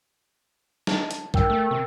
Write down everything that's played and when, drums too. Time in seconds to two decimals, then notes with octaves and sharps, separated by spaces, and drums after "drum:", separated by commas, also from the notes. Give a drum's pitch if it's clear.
0.87 A5, drum: snare
1.11 drum: hi-hat
1.34 G2 A#4 G5 E6, drum: kick B1
1.50 A3
1.71 C3